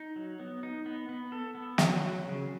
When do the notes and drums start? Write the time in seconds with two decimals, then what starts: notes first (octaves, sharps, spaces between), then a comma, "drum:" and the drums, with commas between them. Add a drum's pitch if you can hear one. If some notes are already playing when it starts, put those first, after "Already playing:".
Already playing: D#4
0.16 F#3
0.40 B3
0.63 D#4
0.86 B3
1.09 B3
1.32 A4
1.55 B3
1.78 F#3, drum: snare
2.01 F#3
2.25 C#3